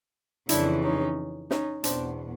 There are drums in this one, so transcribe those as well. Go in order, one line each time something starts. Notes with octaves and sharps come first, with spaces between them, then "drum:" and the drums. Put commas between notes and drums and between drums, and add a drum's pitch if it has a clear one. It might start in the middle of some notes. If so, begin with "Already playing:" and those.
F2 C#3 E3 D4 E4, drum: hi-hat
C#4 D#4
C#4 D#4, drum: snare
E2 B2 C4 D4, drum: hi-hat